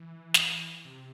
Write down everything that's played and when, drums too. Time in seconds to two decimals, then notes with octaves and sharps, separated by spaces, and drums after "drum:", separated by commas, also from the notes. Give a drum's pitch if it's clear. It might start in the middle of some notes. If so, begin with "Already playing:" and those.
Already playing: E3
0.34 drum: snare
0.85 C3